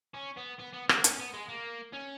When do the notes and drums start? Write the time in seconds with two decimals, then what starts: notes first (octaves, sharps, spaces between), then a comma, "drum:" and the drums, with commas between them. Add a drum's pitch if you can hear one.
0.14 C#4
0.37 B3
0.59 B3
0.74 B3
0.89 A#3, drum: rim click
1.04 C#4, drum: hi-hat
1.19 B3
1.34 G#3
1.49 A#3
1.93 C#4